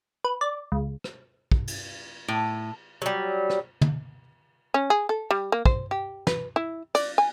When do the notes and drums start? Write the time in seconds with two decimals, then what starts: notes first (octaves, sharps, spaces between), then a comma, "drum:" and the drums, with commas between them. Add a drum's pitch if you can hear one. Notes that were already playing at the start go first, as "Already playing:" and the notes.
0.24 B4
0.41 D5
0.72 C#2
1.04 drum: rim click
1.52 drum: kick
1.68 drum: cymbal
2.28 A2
3.02 F#3 G3
3.50 drum: rim click
3.81 drum: tom
4.74 C#4
4.90 G#4
5.09 A4
5.31 G3
5.52 A#3
5.65 C5, drum: kick
5.91 G4
6.27 B4, drum: snare
6.56 E4
6.95 D5, drum: cymbal
7.18 G#5